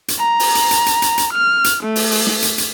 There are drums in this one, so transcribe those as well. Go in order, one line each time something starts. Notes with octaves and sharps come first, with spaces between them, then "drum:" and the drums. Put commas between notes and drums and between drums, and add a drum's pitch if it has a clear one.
drum: hi-hat
A#5
drum: open hi-hat
drum: hi-hat
drum: hi-hat
drum: hi-hat
drum: hi-hat
drum: hi-hat
F6
drum: hi-hat
A3
drum: open hi-hat
drum: open hi-hat
drum: snare
drum: hi-hat
drum: hi-hat